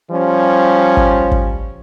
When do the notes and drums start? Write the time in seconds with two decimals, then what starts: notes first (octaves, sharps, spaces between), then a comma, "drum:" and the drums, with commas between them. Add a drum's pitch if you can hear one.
0.10 F3 G3 C#4
0.97 drum: kick
1.31 drum: kick